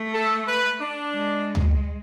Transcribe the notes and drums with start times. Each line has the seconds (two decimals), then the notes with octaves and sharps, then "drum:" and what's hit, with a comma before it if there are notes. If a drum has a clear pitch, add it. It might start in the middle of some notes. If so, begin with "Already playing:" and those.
Already playing: A3
0.13 A4
0.48 B4
0.80 D4
1.14 G#3
1.55 drum: tom